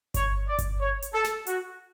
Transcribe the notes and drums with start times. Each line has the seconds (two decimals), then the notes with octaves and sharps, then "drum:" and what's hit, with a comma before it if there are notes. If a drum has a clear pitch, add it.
0.14 C#5, drum: kick G1, hi-hat
0.48 D5
0.59 drum: kick G1, hi-hat
0.80 C#5
1.02 drum: hi-hat
1.13 A4
1.24 drum: snare
1.47 F#4, drum: hi-hat